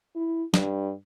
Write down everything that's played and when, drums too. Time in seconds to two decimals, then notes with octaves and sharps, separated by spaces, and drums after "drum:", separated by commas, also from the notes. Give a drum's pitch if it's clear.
0.16 E4
0.54 G2, drum: snare